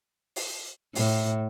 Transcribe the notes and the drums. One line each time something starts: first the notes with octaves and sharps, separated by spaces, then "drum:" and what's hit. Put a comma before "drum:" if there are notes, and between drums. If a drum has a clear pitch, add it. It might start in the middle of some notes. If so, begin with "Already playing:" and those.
drum: open hi-hat
A2, drum: open hi-hat